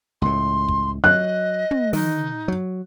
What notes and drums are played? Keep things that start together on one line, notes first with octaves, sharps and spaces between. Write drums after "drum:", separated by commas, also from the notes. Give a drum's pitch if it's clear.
C#2 A2 C6
drum: kick
F#3 D#5 F#6
drum: tom
D#3 D#4, drum: open hi-hat
F#3